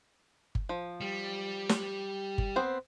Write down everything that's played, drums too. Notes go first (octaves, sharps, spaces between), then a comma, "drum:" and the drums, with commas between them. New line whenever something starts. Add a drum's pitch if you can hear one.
drum: kick G1
F3
G3
drum: snare
drum: kick G1
B3 C4 C5